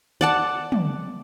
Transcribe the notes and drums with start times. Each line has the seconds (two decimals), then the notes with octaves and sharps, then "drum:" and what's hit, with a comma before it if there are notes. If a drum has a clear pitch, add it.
0.21 D5 F#5 A5
0.72 drum: tom